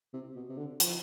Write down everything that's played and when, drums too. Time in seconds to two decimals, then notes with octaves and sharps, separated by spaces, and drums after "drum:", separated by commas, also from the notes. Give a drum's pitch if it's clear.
0.14 C3
0.36 B2
0.49 C3
0.58 D3
0.80 F3, drum: hi-hat